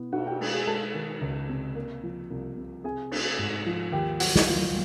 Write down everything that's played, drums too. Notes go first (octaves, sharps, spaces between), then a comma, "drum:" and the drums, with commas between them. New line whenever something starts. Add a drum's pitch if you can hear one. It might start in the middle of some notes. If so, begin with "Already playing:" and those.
Already playing: B2 B3 E4
B2 F#4 F#5, drum: cymbal
G4 G5
G#3, drum: cymbal
G#4 G#5
G#3 A4 A5
D#3
C#2
C3
A#3
F3
C2
C3
C4 G#4 G#5
A3, drum: cymbal
G#2
F3
D#2 G4 G5
F#3 F#4 F#5, drum: open hi-hat
drum: snare
D#2 F4 F5